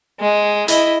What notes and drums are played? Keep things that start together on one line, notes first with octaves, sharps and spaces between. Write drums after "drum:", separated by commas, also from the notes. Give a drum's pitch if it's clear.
G#3
E4 D#5, drum: hi-hat